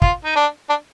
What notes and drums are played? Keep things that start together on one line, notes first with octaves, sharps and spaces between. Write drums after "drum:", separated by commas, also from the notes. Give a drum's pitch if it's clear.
F4, drum: kick
D#4
D4
D4